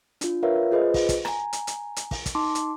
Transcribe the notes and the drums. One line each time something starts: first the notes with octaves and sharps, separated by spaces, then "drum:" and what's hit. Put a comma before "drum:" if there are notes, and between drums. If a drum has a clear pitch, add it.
D4 F4, drum: hi-hat
F4 A#4 B4 C#5 E5 F5
F4 G#4 B4 C5 D#5
drum: kick, open hi-hat
drum: kick, hi-hat
G#5 A#5, drum: rim click
drum: hi-hat
drum: hi-hat
drum: hi-hat
drum: kick, open hi-hat
drum: kick, hi-hat
D#4 A5 C6 D6
drum: hi-hat